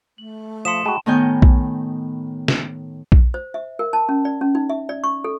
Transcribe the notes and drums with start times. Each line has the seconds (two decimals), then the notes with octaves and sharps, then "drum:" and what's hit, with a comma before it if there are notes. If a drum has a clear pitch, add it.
0.18 A3 F#7
0.65 F3 C6 D#6 B6 C#7 E7
0.85 G#3 F#4 G5 A5 B5
1.06 A2 D#3 B3 D#5 G#5 G6
1.42 drum: kick A#1
2.48 drum: snare
3.12 drum: kick A#1
3.34 C5
3.54 E5
3.79 A#4
3.93 A5
4.09 C#4
4.25 D5
4.41 C#4
4.55 D#4
4.70 E5
4.89 D5
5.04 C#6
5.24 A4